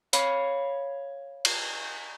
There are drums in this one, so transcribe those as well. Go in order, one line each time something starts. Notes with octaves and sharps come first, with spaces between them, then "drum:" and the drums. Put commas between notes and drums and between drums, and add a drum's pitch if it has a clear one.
C#5 F5 B5, drum: hi-hat
drum: cymbal